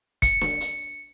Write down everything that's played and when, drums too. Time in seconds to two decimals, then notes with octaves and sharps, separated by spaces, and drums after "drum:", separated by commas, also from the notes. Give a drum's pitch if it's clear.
0.22 C#7, drum: kick, hi-hat
0.41 drum: snare
0.61 drum: hi-hat